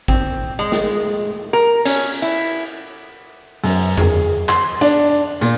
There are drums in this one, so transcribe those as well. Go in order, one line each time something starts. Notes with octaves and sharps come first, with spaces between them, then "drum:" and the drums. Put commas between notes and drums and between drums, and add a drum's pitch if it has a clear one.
C4, drum: kick
G#3
drum: snare
A#4
C#4, drum: cymbal
E4
F#2, drum: open hi-hat
G#4, drum: tom E2
C6, drum: clap
D4, drum: hi-hat
A#2, drum: tambourine